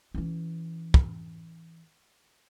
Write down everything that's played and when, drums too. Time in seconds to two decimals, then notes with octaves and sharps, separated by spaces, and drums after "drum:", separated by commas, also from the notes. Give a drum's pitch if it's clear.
0.14 E3 C#4
0.94 drum: kick